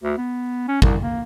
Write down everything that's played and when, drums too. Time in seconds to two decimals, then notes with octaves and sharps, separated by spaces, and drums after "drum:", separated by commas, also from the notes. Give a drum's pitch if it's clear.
0.03 D2
0.18 B3
0.68 C#4
0.82 C2, drum: kick
1.03 A#3